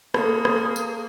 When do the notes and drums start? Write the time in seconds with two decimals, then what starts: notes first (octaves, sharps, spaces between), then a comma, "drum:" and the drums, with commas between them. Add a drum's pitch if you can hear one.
0.14 A#3 G#4 A4, drum: rim click
0.45 drum: rim click
0.76 drum: tambourine